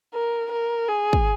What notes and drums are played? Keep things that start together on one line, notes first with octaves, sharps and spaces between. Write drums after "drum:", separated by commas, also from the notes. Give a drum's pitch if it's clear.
A#4
A#4
G#4
drum: kick